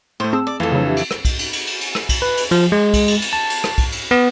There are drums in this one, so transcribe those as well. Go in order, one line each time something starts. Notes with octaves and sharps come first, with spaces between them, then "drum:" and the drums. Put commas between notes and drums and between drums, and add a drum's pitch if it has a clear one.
A2 A3 C5
C4 G#4 A5 E6
D5
F2 E3 A3 F4 A4
C#3 F#3 D4 B4
G4 E5
drum: cymbal
drum: rim click
drum: kick B1, cymbal
drum: cymbal
drum: cymbal
drum: cymbal
drum: cymbal
drum: rim click
drum: kick B1, cymbal
B4
drum: cymbal
F3, drum: cymbal
G#3
drum: kick B1, cymbal
drum: cymbal
drum: cymbal
A5
drum: cymbal
drum: rim click
drum: kick B1, cymbal
drum: cymbal
B3